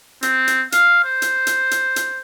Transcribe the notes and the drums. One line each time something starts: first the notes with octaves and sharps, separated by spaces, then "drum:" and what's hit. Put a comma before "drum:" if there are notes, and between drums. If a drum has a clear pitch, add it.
C4, drum: hi-hat
drum: hi-hat
F5, drum: hi-hat
C5
drum: hi-hat
drum: hi-hat
drum: hi-hat
drum: hi-hat